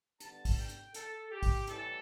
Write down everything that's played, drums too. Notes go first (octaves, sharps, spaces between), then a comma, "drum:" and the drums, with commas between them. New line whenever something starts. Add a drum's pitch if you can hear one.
D3 G3 B3 A5, drum: hi-hat
drum: kick, open hi-hat
G5
drum: hi-hat
A4, drum: hi-hat
G4
drum: kick, open hi-hat
A2 E3 G3 A4, drum: hi-hat